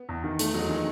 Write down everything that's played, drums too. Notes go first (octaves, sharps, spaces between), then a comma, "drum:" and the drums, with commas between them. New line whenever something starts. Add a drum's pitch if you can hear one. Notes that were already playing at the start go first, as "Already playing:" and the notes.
Already playing: B3
E2
D#3
E2 A3, drum: hi-hat
E2 F#3
G#3
D#3